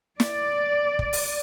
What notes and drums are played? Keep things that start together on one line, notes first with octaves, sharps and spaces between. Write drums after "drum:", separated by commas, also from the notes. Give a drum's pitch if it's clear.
D5, drum: snare
drum: kick
drum: open hi-hat